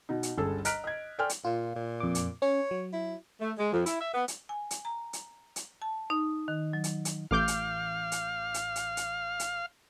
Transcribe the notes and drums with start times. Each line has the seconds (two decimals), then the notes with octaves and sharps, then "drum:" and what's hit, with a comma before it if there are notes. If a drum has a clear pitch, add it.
0.09 B2 D#4
0.23 drum: hi-hat
0.38 G1 C#2 G#4 A4
0.65 D#5 A#5 F6 F#6 B6 D7, drum: hi-hat
0.84 D#5 G#6
1.18 A4 D5 G5 G#5 C6 F6
1.29 drum: hi-hat
1.45 A#2 F4
1.76 A#2
2.00 F2 D6
2.15 drum: hi-hat
2.42 C#4 C#5
2.71 F#3
2.93 E4
3.41 A3
3.58 G#3
3.73 F2
3.86 E4, drum: hi-hat
4.00 E5
4.14 B3
4.28 drum: hi-hat
4.49 G#5
4.71 drum: hi-hat
4.85 A#5
5.13 drum: hi-hat
5.56 drum: hi-hat
5.82 A5
6.10 D#4
6.48 D#3
6.73 F#3
6.84 drum: hi-hat
7.05 drum: hi-hat
7.31 A1 F5 D6 G6
7.48 drum: hi-hat
8.12 drum: hi-hat
8.54 drum: hi-hat
8.76 drum: hi-hat
8.97 drum: hi-hat
9.40 drum: hi-hat